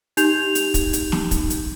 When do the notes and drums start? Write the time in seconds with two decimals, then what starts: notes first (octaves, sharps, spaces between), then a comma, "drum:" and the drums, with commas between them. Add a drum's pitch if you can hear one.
0.17 D#4 G4 G6 F7, drum: hi-hat
0.55 drum: hi-hat
0.74 drum: kick, hi-hat
0.93 drum: hi-hat
1.12 drum: snare
1.31 drum: kick, hi-hat
1.50 drum: hi-hat